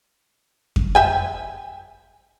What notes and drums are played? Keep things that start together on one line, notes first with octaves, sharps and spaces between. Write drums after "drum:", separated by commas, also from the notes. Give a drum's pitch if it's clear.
drum: kick F2
E5 G5 G#5